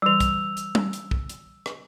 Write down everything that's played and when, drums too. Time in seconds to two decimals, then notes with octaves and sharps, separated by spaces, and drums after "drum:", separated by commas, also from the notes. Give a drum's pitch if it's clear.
0.02 E3 G3 E6 F7
0.20 drum: kick, hi-hat
0.57 drum: hi-hat
0.75 drum: tom G3
0.93 drum: hi-hat
1.11 drum: kick
1.29 drum: hi-hat
1.66 drum: rim click